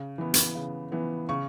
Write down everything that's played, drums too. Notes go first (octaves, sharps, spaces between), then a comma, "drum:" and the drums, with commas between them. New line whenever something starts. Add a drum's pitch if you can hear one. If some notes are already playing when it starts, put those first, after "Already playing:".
Already playing: C#3
E3 B3
drum: hi-hat
C#3
E3 B3
C#3 C#6